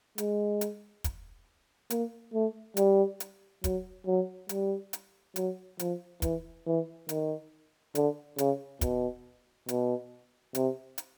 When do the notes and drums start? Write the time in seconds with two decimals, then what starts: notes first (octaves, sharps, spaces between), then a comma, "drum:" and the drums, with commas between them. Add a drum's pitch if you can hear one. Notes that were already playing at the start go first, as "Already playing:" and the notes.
0.18 G#3, drum: hi-hat
0.61 drum: hi-hat
1.04 drum: kick, hi-hat
1.90 A#3, drum: hi-hat
2.33 A3
2.77 G3, drum: hi-hat
3.20 drum: hi-hat
3.64 F#3, drum: kick, hi-hat
4.07 F#3
4.49 G3, drum: hi-hat
4.93 drum: hi-hat
5.36 F#3, drum: hi-hat
5.79 F3, drum: hi-hat
6.22 E3, drum: kick, hi-hat
6.66 E3
7.09 D#3, drum: hi-hat
7.95 D3, drum: hi-hat
8.38 C#3, drum: hi-hat
8.81 B2, drum: kick, hi-hat
9.68 B2, drum: hi-hat
10.55 C3, drum: hi-hat
10.98 drum: hi-hat